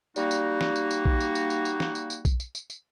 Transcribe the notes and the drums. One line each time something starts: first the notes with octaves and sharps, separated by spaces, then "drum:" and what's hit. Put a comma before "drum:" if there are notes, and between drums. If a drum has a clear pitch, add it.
G3 A#3 D#4 F#4, drum: tambourine
drum: tambourine
drum: snare
drum: tambourine
drum: tambourine
drum: kick B1
drum: tambourine
drum: tambourine
drum: tambourine
drum: tambourine
drum: snare
drum: tambourine
drum: tambourine
drum: kick B1, tambourine
drum: tambourine
drum: tambourine
drum: tambourine